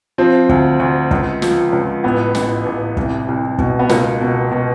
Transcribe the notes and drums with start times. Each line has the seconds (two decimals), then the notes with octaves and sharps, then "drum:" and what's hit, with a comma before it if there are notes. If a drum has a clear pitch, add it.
0.18 F3 C4
0.49 D2, drum: kick
0.80 D2
1.11 C#2, drum: kick
1.42 F3, drum: snare
1.73 C#2
2.04 A1 B3
2.35 A1, drum: snare
2.66 A1
2.97 C2, drum: kick
3.28 C2
3.58 B2, drum: kick
3.79 B3
3.89 C#2 A#3, drum: snare
4.21 B2
4.51 B2